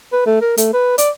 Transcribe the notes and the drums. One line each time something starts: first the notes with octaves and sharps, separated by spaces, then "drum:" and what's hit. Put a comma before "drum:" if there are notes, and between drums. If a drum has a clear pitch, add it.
B4
A3
A#4
A3, drum: hi-hat
B4
D5, drum: hi-hat